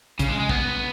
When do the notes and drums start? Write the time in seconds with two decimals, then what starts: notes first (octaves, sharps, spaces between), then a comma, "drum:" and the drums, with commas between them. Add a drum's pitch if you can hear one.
0.19 C#3, drum: kick, hi-hat
0.29 G#3
0.39 G#3
0.49 B3, drum: kick